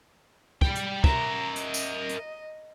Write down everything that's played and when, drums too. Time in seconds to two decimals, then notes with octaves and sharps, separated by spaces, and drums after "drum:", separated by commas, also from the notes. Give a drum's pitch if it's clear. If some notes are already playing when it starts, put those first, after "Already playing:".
0.62 G3 G5, drum: kick
0.75 drum: hi-hat
1.04 A#4 E5 A#5, drum: kick
1.56 D#5, drum: hi-hat
1.74 drum: tambourine
2.09 drum: hi-hat